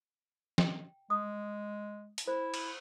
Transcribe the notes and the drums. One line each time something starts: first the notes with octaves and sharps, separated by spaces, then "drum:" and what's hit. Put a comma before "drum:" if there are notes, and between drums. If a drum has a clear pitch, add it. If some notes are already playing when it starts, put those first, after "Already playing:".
G5, drum: snare
G#3 D#6
drum: hi-hat
E4 C5
drum: cymbal